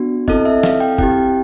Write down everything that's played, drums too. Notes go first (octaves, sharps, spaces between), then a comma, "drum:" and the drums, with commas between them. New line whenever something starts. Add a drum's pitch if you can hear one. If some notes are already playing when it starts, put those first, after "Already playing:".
Already playing: B3 D4 F#4
C4 E4 A4 D#5, drum: kick
E5
F5, drum: snare
G5
C4 E4 G4 G5, drum: kick